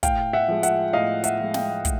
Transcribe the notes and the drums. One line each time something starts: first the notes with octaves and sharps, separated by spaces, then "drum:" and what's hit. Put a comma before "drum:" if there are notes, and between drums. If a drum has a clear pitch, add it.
A2 F5 G5, drum: kick, hi-hat
E5 F#5
F3 G#3
E5 F#5, drum: hi-hat
A2 D#5 F5
E5 F#5, drum: hi-hat
F3 G#3
F5 G5, drum: snare
A2, drum: kick, hi-hat